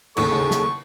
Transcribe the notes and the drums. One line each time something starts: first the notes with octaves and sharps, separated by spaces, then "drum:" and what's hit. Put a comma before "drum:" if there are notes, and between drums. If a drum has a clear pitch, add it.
A1 D#2 C#3 G#4 A4 C#6, drum: cymbal
drum: tom C#3
drum: snare